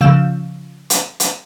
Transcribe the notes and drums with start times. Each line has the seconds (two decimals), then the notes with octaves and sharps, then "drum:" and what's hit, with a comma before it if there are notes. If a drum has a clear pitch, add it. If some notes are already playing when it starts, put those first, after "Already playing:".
0.01 C#3 F3 F5 E6 G6 E7
0.90 drum: hi-hat
1.20 drum: hi-hat